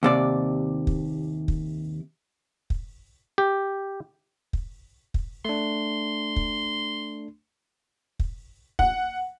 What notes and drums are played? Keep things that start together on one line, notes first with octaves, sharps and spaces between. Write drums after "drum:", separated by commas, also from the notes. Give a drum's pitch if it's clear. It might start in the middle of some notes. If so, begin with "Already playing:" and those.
D#2 C3 D5
drum: kick
drum: kick
drum: kick
G4
drum: kick
drum: kick
A3 D4 C6
drum: kick
drum: kick
F#5, drum: kick